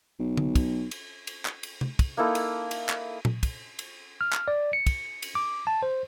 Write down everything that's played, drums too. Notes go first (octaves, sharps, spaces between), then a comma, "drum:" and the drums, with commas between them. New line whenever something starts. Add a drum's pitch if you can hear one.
B1
drum: tom D3
drum: kick, cymbal
drum: cymbal
drum: cymbal
drum: clap
drum: cymbal
drum: tom C3
drum: kick, cymbal
A#3 D#4 E4 A4
drum: cymbal
drum: cymbal
drum: clap
drum: tom A#2
drum: kick, cymbal
drum: cymbal
F6
drum: clap
D5
C#7
drum: kick, cymbal
drum: cymbal
D6
A5
C5